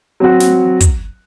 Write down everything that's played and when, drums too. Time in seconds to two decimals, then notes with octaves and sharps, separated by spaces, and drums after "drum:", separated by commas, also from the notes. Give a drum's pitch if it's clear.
0.20 F#3 C4 F#4
0.40 drum: snare
0.81 drum: kick, hi-hat